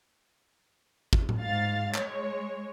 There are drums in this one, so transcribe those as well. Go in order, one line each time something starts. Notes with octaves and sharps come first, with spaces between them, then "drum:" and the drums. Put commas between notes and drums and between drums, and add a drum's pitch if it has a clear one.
drum: kick G#1
drum: tom A2
G#2 F5 A6
G#3 C#5, drum: clap